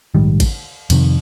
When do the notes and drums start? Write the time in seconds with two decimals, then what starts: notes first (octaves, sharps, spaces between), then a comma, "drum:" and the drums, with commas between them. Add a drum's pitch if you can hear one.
0.15 A#1 G#2 D#3 G3
0.40 drum: kick, cymbal
0.90 F2 C3 D#3, drum: cymbal